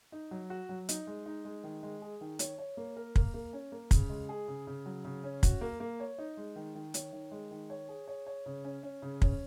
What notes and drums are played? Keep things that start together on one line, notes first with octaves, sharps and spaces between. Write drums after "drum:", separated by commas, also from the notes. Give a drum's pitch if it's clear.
D#4
F#3
F#4
F#3
D#4, drum: hi-hat
G#3
D#4
G#3
D#3
G#3
G#4
D#3
C#5, drum: hi-hat
C#5
A#3
A#4
A#3, drum: kick
A#3
C#4
A#3
C#3, drum: kick, hi-hat
G#3
G#4
C#3
C#3
F#3
C#3
C#4
F#4, drum: kick, hi-hat
A#3
A#3
C#5
D#4
G#3
D#3
D#3
C#5, drum: hi-hat
D#3
G#3
D#3
C#5
G#4
C#5
C#5
C#3
C#4
C#4
C#3
C#4, drum: kick